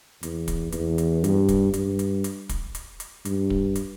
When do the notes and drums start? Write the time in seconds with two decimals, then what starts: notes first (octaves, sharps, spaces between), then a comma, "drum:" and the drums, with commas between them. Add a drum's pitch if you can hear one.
0.23 E2, drum: hi-hat
0.48 drum: kick, hi-hat
0.72 E2, drum: hi-hat
0.98 drum: hi-hat
1.24 G2, drum: hi-hat
1.49 drum: kick, hi-hat
1.74 G2, drum: hi-hat
1.99 drum: hi-hat
2.24 drum: hi-hat
2.49 drum: kick, hi-hat
2.75 drum: hi-hat
3.00 drum: hi-hat
3.25 G2, drum: hi-hat
3.50 drum: kick
3.76 drum: hi-hat